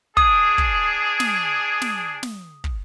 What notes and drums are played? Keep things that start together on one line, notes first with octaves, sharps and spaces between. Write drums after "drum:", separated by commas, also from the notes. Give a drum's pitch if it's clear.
D4 G#4 D#6, drum: kick
drum: kick
drum: snare
drum: snare
drum: snare
drum: kick